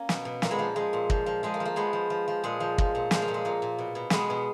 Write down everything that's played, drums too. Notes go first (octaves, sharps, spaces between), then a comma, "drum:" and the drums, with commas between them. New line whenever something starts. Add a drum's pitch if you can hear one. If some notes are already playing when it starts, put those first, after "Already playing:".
Already playing: A#3 C#4
B2, drum: snare
B2
A#2 A#3, drum: snare
G#3 B3
F3 A#3
F3 G#3
A#2
F3, drum: kick
F3
F3 G#3
A#3
F3
A#3
F3 G#3 B3
F3
F3
F3
A#2 G#3
F3
F3, drum: kick
A#2
F3 G#3, drum: snare
A#3
A#2
G#3
A#2 A#3
A#2
B2
B2
B2 G#3 B3, drum: snare
B2